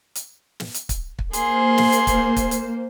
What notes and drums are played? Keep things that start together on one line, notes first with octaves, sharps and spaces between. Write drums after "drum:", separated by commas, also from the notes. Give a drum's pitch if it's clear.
drum: hi-hat
drum: snare
drum: hi-hat
drum: kick, hi-hat
drum: kick
A#3 G#4 C5 C6, drum: hi-hat
drum: snare
drum: hi-hat
drum: kick, hi-hat
drum: kick, hi-hat
drum: hi-hat